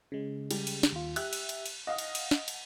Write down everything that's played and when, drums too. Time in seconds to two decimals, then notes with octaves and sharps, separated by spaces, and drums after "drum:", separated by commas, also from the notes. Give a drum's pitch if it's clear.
0.12 C#3 G#3
0.51 G3, drum: cymbal
0.67 drum: cymbal
0.83 drum: snare
0.92 D#2 F4
1.16 G4 E5 F#6, drum: cymbal
1.33 drum: cymbal
1.49 drum: cymbal
1.66 drum: cymbal
1.87 D#5 F5 F#5 D#6
1.98 drum: cymbal
2.15 drum: cymbal
2.31 drum: snare
2.48 drum: cymbal